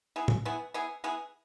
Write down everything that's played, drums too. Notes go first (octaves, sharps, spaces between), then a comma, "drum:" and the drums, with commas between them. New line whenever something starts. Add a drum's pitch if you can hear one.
B3 E4 G#4
drum: tom A2
B3 E4 G#4
B3 E4 G#4
B3 E4 G#4